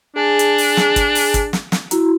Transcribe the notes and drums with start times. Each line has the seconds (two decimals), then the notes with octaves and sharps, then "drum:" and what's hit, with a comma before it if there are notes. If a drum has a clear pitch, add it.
0.16 D4 G#4 G#5 A5
0.39 drum: hi-hat
0.58 drum: open hi-hat
0.77 drum: snare
0.96 drum: kick, hi-hat
1.15 drum: open hi-hat
1.34 drum: kick, hi-hat
1.53 drum: snare
1.72 drum: snare
1.91 E4 F#4 A#5, drum: hi-hat